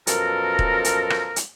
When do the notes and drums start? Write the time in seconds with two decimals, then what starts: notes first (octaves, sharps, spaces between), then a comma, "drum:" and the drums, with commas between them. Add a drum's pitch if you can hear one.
0.07 F#2 B2 F3 A4 A#4, drum: hi-hat
0.59 drum: kick D#1
0.85 drum: hi-hat
1.10 drum: rim click
1.36 drum: hi-hat